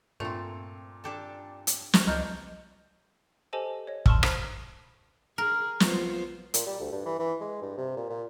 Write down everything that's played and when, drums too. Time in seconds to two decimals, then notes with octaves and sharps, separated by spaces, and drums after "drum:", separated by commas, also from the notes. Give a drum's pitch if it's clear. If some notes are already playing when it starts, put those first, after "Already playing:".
0.20 G2 A#2 A3 C4 F7
1.04 D4 G4 A4
1.67 drum: hi-hat
1.93 drum: snare
2.07 C#2 D4 C#5 D#5 A#5 F6 G6
3.53 G4 A4 C5 D#5 G#5 A5
3.87 C#5 D#5
4.06 A5 C6 C#6 E6 F6, drum: kick
4.23 C5 A#5 B5 F6, drum: rim click
5.38 G#4 A#4
5.80 B3 F4 C5, drum: snare
6.54 A#2, drum: hi-hat
6.66 G3
6.80 D2
6.92 G2
7.06 E3
7.19 E3
7.41 G#3
7.62 G2
7.78 C3
7.97 A#2
8.09 A#2